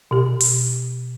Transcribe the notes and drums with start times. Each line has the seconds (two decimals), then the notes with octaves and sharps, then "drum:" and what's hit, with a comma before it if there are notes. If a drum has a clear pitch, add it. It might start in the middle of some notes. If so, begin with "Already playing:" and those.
0.11 B2 G4
0.40 drum: open hi-hat